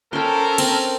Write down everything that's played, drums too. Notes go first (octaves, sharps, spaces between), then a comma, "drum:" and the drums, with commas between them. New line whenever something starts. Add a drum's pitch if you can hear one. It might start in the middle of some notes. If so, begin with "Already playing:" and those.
C#4 A4 A#4 C5 G5
C4, drum: cymbal